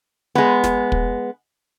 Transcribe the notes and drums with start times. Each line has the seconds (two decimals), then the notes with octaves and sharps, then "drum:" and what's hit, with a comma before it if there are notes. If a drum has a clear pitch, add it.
0.35 G#3 B3
0.64 drum: snare
0.92 drum: kick